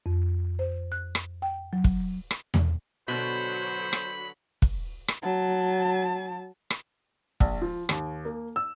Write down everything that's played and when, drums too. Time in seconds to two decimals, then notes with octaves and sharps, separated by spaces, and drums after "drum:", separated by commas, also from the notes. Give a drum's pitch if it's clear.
0.06 F2
0.59 C5
0.92 F#6
1.15 drum: rim click
1.42 G5
1.73 F#3
1.84 drum: kick
2.31 drum: rim click
2.54 drum: tom E2
3.08 B2 D3 F#3 F#4 C5 B5
3.93 drum: rim click
4.62 drum: kick
5.08 drum: rim click
5.23 F#3 A5
6.70 drum: rim click
7.40 A#1, drum: kick
7.62 F3
7.89 D#2, drum: rim click
8.25 A#3
8.56 E6